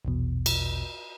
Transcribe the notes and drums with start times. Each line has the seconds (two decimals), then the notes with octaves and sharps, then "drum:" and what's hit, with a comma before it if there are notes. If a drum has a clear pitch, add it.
0.05 A#1 E2 B2
0.46 drum: cymbal